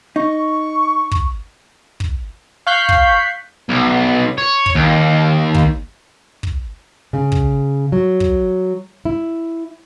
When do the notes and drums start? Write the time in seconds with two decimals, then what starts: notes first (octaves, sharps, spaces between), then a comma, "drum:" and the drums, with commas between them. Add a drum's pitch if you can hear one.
0.16 D#4 C#6
1.11 drum: kick
2.00 drum: kick
2.67 F5 C#6 F#6 G6 B6 C7
2.89 drum: kick
3.69 B1
4.38 C#5
4.66 drum: kick
4.75 D#2
5.54 drum: kick
6.43 drum: kick
7.13 C#3
7.32 drum: kick
7.92 F#3
8.20 drum: kick
9.05 E4